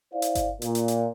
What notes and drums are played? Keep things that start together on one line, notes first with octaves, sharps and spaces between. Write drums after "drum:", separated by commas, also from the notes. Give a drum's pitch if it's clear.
E4 C5 D5 F5
drum: hi-hat
drum: kick G1, hi-hat
A#2, drum: hi-hat
drum: hi-hat
drum: hi-hat